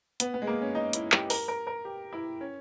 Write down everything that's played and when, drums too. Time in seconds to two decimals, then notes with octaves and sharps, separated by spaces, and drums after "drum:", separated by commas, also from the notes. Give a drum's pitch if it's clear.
0.20 B3, drum: hi-hat
0.34 B3
0.42 G#3
0.47 A#3
0.61 C#4
0.75 D#4
0.93 E4, drum: hi-hat
1.12 G4, drum: clap
1.30 A#4, drum: open hi-hat
1.48 A#4
1.67 A#4
1.85 G4
2.13 E4
2.41 C#4